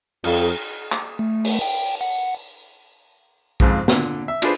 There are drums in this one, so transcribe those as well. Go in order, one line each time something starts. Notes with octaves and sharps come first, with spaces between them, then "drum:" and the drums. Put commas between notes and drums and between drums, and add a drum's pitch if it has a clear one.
F2, drum: cymbal
drum: clap
A3
drum: open hi-hat
G5
F#5
F2 G#2 C#3, drum: kick A#1
A#2 D3, drum: snare
E5
D4 F4 G#4 B4 C5, drum: cymbal